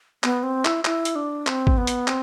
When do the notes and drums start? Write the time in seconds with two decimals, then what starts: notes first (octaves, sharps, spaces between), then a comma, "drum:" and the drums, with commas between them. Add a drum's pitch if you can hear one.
0.24 B3, drum: clap
0.43 C4
0.65 E4, drum: clap
0.85 E4, drum: clap
1.05 drum: hi-hat
1.16 D4
1.47 C4, drum: clap
1.67 drum: kick
1.78 B3
1.87 drum: hi-hat
2.08 C4, drum: clap